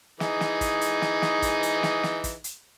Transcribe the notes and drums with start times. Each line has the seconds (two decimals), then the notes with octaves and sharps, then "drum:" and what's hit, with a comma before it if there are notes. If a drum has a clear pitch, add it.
0.20 E3 D#4 G#4, drum: snare
0.41 drum: snare
0.61 drum: kick, hi-hat
0.81 drum: hi-hat
1.02 drum: snare
1.22 drum: snare
1.42 drum: kick, hi-hat
1.63 drum: hi-hat
1.83 drum: snare
2.03 drum: snare
2.24 drum: kick, hi-hat
2.44 drum: hi-hat